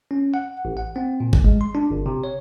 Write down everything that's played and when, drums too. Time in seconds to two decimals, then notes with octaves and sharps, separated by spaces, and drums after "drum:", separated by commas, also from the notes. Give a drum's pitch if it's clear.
0.11 C#4
0.34 F#5
0.65 A1
0.77 F#5
0.96 C4
1.20 A#2
1.33 drum: kick G#1
1.44 G#3
1.61 C6
1.75 D4
1.90 G1
2.06 C3
2.24 C#5